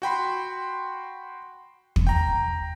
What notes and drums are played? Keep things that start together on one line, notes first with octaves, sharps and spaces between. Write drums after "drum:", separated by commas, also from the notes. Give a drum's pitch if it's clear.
F#4 G5 B5 C6
drum: kick
G5 A#5